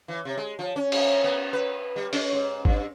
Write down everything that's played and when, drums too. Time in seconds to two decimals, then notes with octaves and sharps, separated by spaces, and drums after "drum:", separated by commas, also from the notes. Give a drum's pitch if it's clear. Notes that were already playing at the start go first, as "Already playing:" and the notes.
0.08 E3
0.25 C3
0.37 G#3
0.59 F3
0.76 C#4
0.92 drum: cymbal
1.24 B3
1.53 B4
1.96 G3
2.13 C#4, drum: open hi-hat
2.33 G#2
2.65 G2, drum: kick G#1